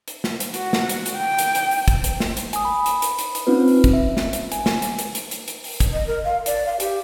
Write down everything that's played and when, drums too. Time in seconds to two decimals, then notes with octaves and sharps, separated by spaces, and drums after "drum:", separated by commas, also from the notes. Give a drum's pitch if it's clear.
0.08 drum: hi-hat
0.24 drum: snare
0.40 drum: hi-hat
0.54 F#4, drum: hi-hat
0.73 drum: snare
0.89 drum: hi-hat
1.06 drum: hi-hat
1.17 G5
1.39 drum: hi-hat
1.55 drum: hi-hat
1.71 drum: open hi-hat
1.88 drum: kick, hi-hat
2.04 drum: hi-hat
2.20 drum: snare
2.37 drum: hi-hat
2.53 G#5 D#6, drum: hi-hat
2.65 B5
2.86 drum: hi-hat
3.02 drum: hi-hat
3.19 drum: hi-hat
3.35 drum: hi-hat
3.47 C4 C#4 D#4 F4 B4
3.68 drum: open hi-hat
3.84 drum: kick, hi-hat
3.93 E5
4.17 drum: snare
4.33 drum: hi-hat
4.52 G#5, drum: hi-hat
4.66 drum: snare
4.82 drum: hi-hat
4.99 drum: hi-hat
5.15 drum: hi-hat
5.31 drum: hi-hat
5.48 drum: hi-hat
5.64 drum: open hi-hat
5.80 drum: kick, hi-hat
5.93 D#5
6.07 A#4
6.24 F5
6.46 D5, drum: hi-hat
6.66 F5
6.80 G4, drum: hi-hat